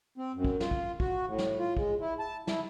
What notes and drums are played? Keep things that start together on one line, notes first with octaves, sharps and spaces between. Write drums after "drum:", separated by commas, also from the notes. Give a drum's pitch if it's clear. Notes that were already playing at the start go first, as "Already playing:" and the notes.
C4
F#2
drum: kick
F4, drum: snare
drum: kick
F#4, drum: kick
A2
drum: snare
F4
G#3, drum: kick
E4
A5
E4, drum: snare